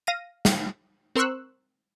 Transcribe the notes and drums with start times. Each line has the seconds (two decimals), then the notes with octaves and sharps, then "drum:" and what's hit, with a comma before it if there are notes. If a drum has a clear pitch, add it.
0.07 F5 A#6 D#7
0.45 drum: snare
1.16 C4 A#4 C6 C#6 E6 F#6